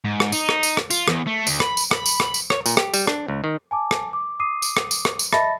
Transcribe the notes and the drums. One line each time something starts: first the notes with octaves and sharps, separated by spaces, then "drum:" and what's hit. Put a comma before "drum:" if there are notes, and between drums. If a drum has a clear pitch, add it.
G#2
drum: rim click
D#4, drum: tambourine
drum: rim click
drum: tambourine
drum: rim click
F4, drum: tambourine
E2, drum: rim click
A3
D2, drum: tambourine
B5, drum: rim click
drum: tambourine
B5, drum: rim click
drum: tambourine
drum: rim click
drum: tambourine
C#5, drum: rim click
A#2, drum: tambourine
G4, drum: rim click
G3, drum: tambourine
D4, drum: rim click
C#2
D#3
G#5 A5 D6
drum: rim click
D6
D6 D#6 C7 D#7
drum: tambourine
drum: rim click
drum: tambourine
drum: rim click
drum: tambourine
D#5 E5 A5 B5 A6 A#6, drum: rim click